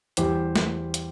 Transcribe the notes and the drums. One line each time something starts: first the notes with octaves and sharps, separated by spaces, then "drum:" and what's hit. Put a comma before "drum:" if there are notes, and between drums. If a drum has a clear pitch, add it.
E2 E3 G3 G4 C5, drum: hi-hat
drum: snare
drum: hi-hat